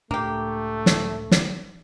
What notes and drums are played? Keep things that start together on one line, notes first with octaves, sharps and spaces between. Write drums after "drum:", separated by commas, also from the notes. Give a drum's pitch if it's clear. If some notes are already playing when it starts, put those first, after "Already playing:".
C#2 A2 A3 A#3 D4 G4
drum: snare
drum: snare